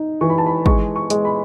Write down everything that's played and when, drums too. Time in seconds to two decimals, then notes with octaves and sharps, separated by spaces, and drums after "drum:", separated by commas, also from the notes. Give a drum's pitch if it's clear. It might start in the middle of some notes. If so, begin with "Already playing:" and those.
Already playing: D#4
0.21 E3 C#6
0.30 B5
0.38 A5
0.46 B5
0.66 G#3 C#6, drum: kick
0.96 C#6
1.10 G#3, drum: hi-hat
1.25 B5